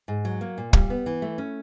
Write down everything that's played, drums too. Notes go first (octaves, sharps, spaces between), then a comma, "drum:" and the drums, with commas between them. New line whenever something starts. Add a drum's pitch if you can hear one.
G#2
F#3
A#3
A#2
G3, drum: kick
B3
E3
A3
C#4